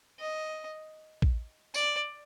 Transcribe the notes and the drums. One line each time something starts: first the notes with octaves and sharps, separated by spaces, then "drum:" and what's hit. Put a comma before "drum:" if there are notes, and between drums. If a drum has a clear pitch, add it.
D#5
drum: kick
D5, drum: tambourine